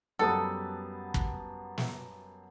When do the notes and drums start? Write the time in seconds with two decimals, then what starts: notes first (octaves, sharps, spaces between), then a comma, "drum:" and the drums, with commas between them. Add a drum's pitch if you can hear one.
0.19 F#2 G3 B3 A4 A5 D#6
1.14 drum: kick
1.78 drum: snare